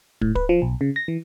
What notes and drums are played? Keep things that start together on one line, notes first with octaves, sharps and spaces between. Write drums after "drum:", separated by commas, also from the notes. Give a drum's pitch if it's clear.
A2, drum: kick
B4, drum: kick
F3
B1
C#3
A#6
E3